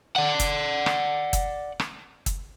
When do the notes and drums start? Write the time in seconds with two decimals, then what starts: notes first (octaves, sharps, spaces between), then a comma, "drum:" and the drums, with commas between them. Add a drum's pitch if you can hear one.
0.16 D5 F#5
0.40 drum: kick, hi-hat
0.86 drum: rim click
1.33 drum: kick, hi-hat
1.80 drum: rim click
2.26 drum: kick, hi-hat